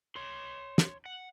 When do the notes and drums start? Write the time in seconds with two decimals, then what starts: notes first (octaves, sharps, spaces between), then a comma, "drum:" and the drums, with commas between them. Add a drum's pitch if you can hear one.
0.16 C#5 C6
0.78 drum: snare
1.06 F#5